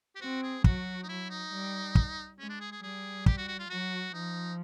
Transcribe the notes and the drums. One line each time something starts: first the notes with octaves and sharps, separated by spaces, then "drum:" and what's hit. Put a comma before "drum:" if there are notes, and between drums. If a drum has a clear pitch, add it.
G4
C4 F#4
G#4
F#3 F#4, drum: kick
D#4
F#3 E4
D#4
G3
drum: kick
G#3 C#4
D4
G#4
G#4
G3 G#4
G4, drum: kick
F#4
F#4
F4
F#3 F#4
F3 D#4